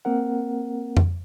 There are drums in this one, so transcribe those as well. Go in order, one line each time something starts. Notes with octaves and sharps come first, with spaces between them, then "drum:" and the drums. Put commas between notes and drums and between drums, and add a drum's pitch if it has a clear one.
A#3 C4 A#4 F#5
drum: tom F2